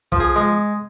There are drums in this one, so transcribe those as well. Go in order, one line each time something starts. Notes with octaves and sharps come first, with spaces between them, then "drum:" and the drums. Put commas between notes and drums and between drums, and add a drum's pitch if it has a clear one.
F3, drum: kick B1
G#4
G#3